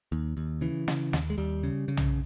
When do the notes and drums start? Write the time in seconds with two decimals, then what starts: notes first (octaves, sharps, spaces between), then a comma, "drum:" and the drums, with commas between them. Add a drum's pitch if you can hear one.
0.12 D#2
0.37 D#2
0.61 C#3 E3
0.88 C#3, drum: snare
1.13 D#2, drum: snare
1.30 G#3
1.38 D#2 G3
1.63 C#3
1.88 C#3
1.97 drum: tom B1